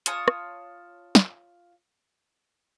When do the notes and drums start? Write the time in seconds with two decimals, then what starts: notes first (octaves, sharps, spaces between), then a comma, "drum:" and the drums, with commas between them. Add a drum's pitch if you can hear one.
0.06 F4 C#5 A5 D#6, drum: hi-hat
0.28 drum: rim click
1.15 drum: snare